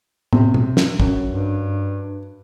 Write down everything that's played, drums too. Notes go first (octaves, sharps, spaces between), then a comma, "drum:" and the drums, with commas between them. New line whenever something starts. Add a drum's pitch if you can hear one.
C3, drum: tom
drum: tom
drum: snare
F#2, drum: kick
G2